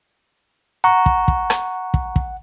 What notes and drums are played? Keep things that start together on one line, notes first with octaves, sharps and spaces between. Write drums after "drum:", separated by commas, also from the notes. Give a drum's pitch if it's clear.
F#5 A#5 C#6
drum: kick
drum: kick
drum: rim click
drum: kick
drum: kick